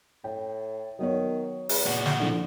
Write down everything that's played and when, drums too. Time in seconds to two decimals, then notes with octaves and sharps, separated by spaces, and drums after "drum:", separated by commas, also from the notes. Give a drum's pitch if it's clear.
0.24 A2 G5
0.99 D#3 F#3 B3 C#5
1.69 E2, drum: open hi-hat
1.86 A#2 F#4
2.06 drum: snare
2.20 D3 F3 D4 E4